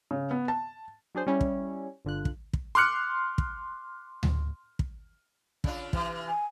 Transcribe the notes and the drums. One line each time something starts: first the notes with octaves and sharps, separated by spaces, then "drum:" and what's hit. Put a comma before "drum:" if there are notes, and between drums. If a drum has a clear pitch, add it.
C#3
B3
A5
F#3 D4 G#4 C5
G3 C#4 E4
drum: kick
G1 D3 F4 F#6
drum: kick
drum: kick
C6 D6 F6 F#6 C#7
drum: kick
drum: tom D2
drum: kick
C#3 D4 F4, drum: kick
C3 E3, drum: kick
G#5